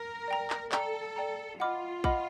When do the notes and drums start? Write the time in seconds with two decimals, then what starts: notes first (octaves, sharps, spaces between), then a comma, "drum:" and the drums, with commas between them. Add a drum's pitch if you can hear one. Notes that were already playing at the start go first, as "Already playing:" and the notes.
Already playing: A#4
0.28 D5 G5 A#5
0.50 drum: clap
0.72 A4 D5 G5 A#5, drum: clap
1.16 D5 G5 A#5
1.60 F4 D#5 F#5 B5 D6 F6
2.04 D#5 F#5 B5 D6 F6, drum: kick